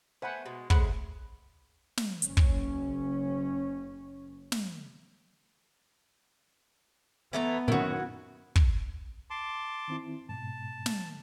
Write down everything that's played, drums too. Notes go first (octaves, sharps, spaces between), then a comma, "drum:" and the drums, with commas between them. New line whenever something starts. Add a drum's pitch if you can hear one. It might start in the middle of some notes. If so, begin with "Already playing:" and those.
A3 B3 C5 F#5 G#5 B5
B2 G#3
C#3 G#3 A3 C4 F#5 B5, drum: kick
drum: snare
F#1 C#4, drum: hi-hat
drum: kick
drum: snare
E3 A3 B3 A#5
F#2 A#2 D#3 C#4 E4 F#4
drum: kick
A5 C6 D6
D#3 C4 E4
G#2 B2 A5
drum: snare